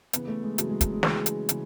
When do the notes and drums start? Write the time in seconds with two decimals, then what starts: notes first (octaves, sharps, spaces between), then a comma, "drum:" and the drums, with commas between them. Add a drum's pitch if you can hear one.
0.13 C#3 E3 B3, drum: hi-hat
0.28 A3
0.43 G#3
0.58 C#3 E3 F#3, drum: hi-hat
0.69 G#3
0.81 F#3, drum: kick, hi-hat
0.92 G#3
1.03 C#3 E3 G#3, drum: snare
1.26 drum: hi-hat
1.49 C#3 E3, drum: hi-hat